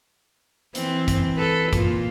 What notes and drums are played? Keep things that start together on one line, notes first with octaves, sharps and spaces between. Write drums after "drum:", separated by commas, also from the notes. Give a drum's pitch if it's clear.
E3 C4, drum: hi-hat
drum: kick, hi-hat
A4 B4
A#2 F4, drum: kick, hi-hat